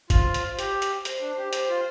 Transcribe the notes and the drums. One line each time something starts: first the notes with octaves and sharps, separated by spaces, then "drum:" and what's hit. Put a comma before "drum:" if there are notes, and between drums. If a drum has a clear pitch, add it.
F4 C5, drum: kick, hi-hat
drum: hi-hat
G4, drum: hi-hat
drum: hi-hat
C5, drum: hi-hat
D4
G4
G4 C5, drum: hi-hat
F4